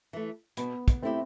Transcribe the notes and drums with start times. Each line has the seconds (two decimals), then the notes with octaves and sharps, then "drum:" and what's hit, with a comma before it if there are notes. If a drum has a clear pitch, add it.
0.13 E3 A3
0.57 B2 B3, drum: hi-hat
0.88 drum: kick, hi-hat
1.02 A3 C4 E4 G4